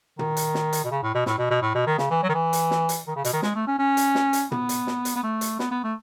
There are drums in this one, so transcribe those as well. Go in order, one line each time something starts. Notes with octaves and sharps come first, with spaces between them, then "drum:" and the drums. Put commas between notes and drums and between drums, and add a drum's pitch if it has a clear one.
D#3, drum: tom
drum: hi-hat
drum: snare
drum: hi-hat
B2
C#3
A2
B2
A2, drum: snare
B2
B2
A2
B2
D#3
C#3, drum: snare
E3
F#3
D#3
E3
drum: hi-hat
drum: snare
drum: hi-hat
D#3
C#3
B2, drum: hi-hat
D#3
G#3, drum: snare
A3
C#4
C#4
drum: hi-hat
drum: snare
drum: hi-hat
B3, drum: tom
drum: hi-hat
drum: snare
drum: hi-hat
B3
A3
drum: hi-hat
B3, drum: snare
B3
A3